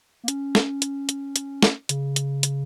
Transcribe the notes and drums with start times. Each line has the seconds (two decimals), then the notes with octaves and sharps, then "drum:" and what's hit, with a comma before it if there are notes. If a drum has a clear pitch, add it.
0.24 A#3
0.28 C#4, drum: hi-hat
0.55 drum: snare
0.82 drum: hi-hat
1.09 drum: hi-hat
1.36 drum: hi-hat
1.62 drum: snare
1.89 C#3, drum: hi-hat
2.16 drum: hi-hat
2.43 drum: hi-hat